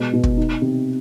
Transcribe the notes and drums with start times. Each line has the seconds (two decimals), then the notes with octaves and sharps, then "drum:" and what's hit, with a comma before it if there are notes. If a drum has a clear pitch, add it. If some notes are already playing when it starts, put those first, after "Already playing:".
Already playing: B2 G#3
0.13 B2
0.24 drum: kick
0.37 D#4
0.62 C3